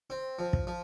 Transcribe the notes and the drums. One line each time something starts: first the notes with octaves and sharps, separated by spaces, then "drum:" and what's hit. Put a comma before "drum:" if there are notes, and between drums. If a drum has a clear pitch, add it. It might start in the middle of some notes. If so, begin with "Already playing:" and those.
C4
F3
drum: kick
F3